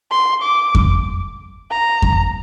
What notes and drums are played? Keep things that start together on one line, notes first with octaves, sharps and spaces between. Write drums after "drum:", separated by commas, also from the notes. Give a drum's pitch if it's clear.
C6
D6
drum: kick F2
A#5
drum: kick F2